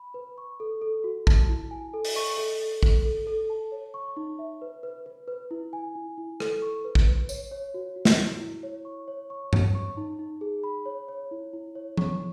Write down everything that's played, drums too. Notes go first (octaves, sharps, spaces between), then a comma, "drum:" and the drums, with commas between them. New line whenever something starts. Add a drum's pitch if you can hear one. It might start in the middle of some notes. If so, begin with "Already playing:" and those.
Already playing: B5
B4
C#6
A4
A4
F#4
A5, drum: kick
E4
G#5
A4
drum: open hi-hat
C#6
A4
A4
A4, drum: kick
A4
A4
A5
C#5
C#6
D#4
E5
B4
B4
B4
B4
E4
G#5
E4
E4
A4, drum: rim click
C#6
B4
drum: kick
B4
C#5, drum: tambourine
C#5
F#4
F#4
drum: snare
E4
E4
C#5
C#6
C#5
C#6
C#5, drum: tom G2
C#6
D#4
D#4
G#4
B5
C#5
C#5
E4
E4
C#5
C#6, drum: tom F3